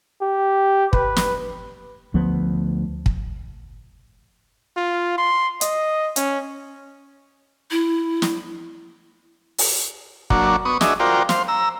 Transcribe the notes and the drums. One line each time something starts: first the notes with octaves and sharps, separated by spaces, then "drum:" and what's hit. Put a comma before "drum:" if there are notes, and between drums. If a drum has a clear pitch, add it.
G4
B4, drum: kick
drum: snare
D2 F3 B3
drum: kick
F4
C6
D#5, drum: hi-hat
C#4, drum: hi-hat
E4
drum: snare
drum: open hi-hat
F#3 A#3 D4 F#4, drum: kick
B3 C#6 D#6
D4 F#4 G#4 D#5 E5, drum: snare
F4 F#4 A#4 C5 D5 G5
C5 F5, drum: snare
A#5 E6